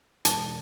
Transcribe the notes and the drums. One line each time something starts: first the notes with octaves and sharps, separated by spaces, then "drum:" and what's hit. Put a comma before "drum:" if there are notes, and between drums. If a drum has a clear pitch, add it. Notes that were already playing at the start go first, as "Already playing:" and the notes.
E1 A5, drum: hi-hat